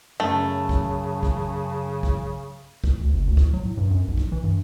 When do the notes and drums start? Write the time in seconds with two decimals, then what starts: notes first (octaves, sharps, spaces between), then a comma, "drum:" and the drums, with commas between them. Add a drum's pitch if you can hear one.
0.20 F#2 C#3 A3 A5
0.69 drum: kick
1.23 drum: kick
2.03 drum: kick
2.84 drum: kick
3.01 D2
3.13 F#1
3.27 D2
3.37 drum: kick
3.54 F#3
3.65 A2
3.77 G2
3.91 F#2
4.08 B1
4.18 drum: kick
4.32 E3
4.44 G2